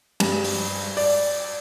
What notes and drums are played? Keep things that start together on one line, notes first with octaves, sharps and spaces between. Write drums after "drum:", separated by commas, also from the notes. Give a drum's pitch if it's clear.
G2, drum: cymbal
drum: open hi-hat
D5, drum: open hi-hat